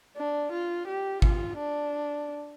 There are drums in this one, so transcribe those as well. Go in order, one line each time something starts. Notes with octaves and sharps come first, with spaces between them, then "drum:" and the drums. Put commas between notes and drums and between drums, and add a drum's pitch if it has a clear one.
D4
F4
G4
F4, drum: kick G#1
D4